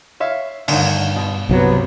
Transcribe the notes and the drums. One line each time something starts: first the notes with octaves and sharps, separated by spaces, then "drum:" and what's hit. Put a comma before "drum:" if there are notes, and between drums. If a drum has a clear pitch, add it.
C#5 E5 F5
D2 G2 D#3, drum: cymbal
B2
C2 G2 C3 F3 F#3 B3